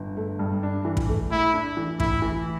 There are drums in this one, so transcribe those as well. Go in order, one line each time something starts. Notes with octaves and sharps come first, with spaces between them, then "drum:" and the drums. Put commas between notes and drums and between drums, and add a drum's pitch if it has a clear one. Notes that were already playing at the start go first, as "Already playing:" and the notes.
Already playing: G1 D3
A3
G2
D4
E3
drum: kick
A3
A2 E4
D4
E3
A2 E4, drum: kick
E3